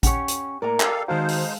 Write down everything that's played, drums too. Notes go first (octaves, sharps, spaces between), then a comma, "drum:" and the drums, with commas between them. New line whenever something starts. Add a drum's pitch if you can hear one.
C#4 G4 C#5 F#5, drum: kick A1, hi-hat
drum: hi-hat
A2 A#3 A#4 D5 A#5
G4 A4 F5, drum: clap
D#3 G#3 D#4 F#4 A4 C5 F5
drum: open hi-hat